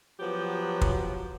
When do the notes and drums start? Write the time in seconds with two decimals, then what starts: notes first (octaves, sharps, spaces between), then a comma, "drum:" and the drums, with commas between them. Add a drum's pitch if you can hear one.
0.20 F3 F#3 B3 G4
0.81 drum: kick